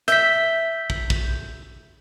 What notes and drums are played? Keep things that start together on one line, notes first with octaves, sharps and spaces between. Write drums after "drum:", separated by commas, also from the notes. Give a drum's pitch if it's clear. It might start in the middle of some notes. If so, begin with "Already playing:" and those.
E5 G6 B6, drum: hi-hat
drum: kick
drum: kick